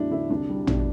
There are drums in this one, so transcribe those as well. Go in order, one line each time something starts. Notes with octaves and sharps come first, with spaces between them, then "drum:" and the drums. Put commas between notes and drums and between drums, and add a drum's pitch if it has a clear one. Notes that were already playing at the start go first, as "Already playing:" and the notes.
Already playing: E2 A2 F#3 D4 E4
D3 E4
C2 D4
G3
B2 D4, drum: tom